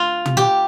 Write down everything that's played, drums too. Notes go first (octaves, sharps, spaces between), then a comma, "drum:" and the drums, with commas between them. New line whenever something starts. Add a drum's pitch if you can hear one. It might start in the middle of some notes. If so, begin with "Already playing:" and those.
Already playing: F4
drum: tom
G4